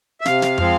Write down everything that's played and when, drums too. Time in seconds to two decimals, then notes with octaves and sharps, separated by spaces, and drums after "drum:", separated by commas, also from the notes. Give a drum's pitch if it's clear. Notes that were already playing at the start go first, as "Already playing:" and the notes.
0.21 E5
0.25 C3 F5, drum: snare
0.42 drum: snare
0.58 F3 G#3 C4, drum: tom